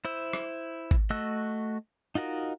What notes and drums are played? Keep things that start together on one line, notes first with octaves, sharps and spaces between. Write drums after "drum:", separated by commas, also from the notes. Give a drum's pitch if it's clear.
E4 C5 E6
drum: rim click
drum: kick G#1
A3 F#4 D#5 E6 F#6
D#4 F4 F#4 A#4 D#5